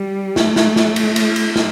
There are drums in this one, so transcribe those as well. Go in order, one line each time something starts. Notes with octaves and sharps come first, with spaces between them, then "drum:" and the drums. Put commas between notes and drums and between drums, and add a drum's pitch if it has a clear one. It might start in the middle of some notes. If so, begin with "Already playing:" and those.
Already playing: G3
A3, drum: snare
drum: snare
drum: snare
drum: cymbal
drum: cymbal
drum: cymbal
drum: snare